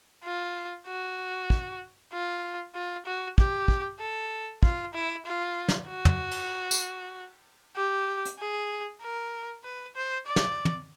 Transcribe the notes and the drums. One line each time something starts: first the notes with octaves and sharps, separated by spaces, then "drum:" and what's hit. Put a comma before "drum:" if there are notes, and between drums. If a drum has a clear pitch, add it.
F4
F#4
drum: kick
F4
F4
F#4
G4, drum: kick
drum: kick
A4
F4, drum: kick
E4
F4
drum: snare
F#4
drum: tom
drum: cymbal
drum: tambourine
G4
drum: hi-hat
G#4
A#4
B4
C5
D5
drum: snare
drum: tom